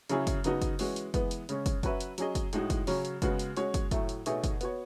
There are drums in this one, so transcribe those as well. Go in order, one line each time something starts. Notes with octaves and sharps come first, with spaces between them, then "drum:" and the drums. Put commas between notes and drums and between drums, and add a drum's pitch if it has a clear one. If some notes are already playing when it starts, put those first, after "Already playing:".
C#3 F#3 C#4 E4 G#4, drum: hi-hat
drum: kick, hi-hat
C#3 F#3 B3 D#4 F#4, drum: hi-hat
drum: kick, hi-hat
E3 G#3 C#4 F#4, drum: open hi-hat
drum: hi-hat
E3 G#3 B3, drum: kick, hi-hat
drum: hi-hat
C#3 G#3 C#4, drum: hi-hat
drum: kick, hi-hat
F#3 C#4 F#4 B4 E5, drum: kick, hi-hat
drum: hi-hat
F#3 C#4 G#4 D#5, drum: hi-hat
drum: kick, hi-hat
A2 G#3 D#4 F#4, drum: hi-hat
drum: kick, hi-hat
C#3 F#3 C#4, drum: open hi-hat
drum: hi-hat
C#3 G#3 B3 F#4, drum: kick, hi-hat
drum: hi-hat
G#3 C#4 F#4 C#5, drum: hi-hat
drum: kick, hi-hat
A2 F#3 A3, drum: kick, hi-hat
drum: hi-hat
B2 A3 D#4 G#4 C#5, drum: hi-hat
drum: kick, hi-hat
B3 F#4 C#5, drum: hi-hat